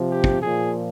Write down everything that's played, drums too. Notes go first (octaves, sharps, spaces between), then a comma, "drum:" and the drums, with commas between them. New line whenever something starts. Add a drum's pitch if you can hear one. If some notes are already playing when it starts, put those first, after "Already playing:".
Already playing: C3 F3
G4
drum: kick
A#2 F3 G#4